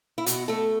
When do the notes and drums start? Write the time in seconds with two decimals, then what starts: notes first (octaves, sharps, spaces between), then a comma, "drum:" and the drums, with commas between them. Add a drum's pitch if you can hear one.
0.18 E4
0.26 B2 F#4, drum: hi-hat
0.48 A3 A4